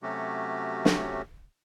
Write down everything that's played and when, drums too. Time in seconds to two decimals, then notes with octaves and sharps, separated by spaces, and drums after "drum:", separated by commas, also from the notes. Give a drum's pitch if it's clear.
0.02 C3 F#3 A3 C#4 F#4 G4
0.85 drum: snare